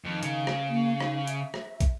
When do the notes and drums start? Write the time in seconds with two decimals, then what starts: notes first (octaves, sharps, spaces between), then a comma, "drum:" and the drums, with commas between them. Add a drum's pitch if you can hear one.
0.04 F2 D#3
0.23 C#3, drum: hi-hat
0.47 drum: rim click
0.68 A#3
1.00 D#4, drum: rim click
1.27 E5, drum: hi-hat
1.54 drum: rim click
1.80 drum: kick, hi-hat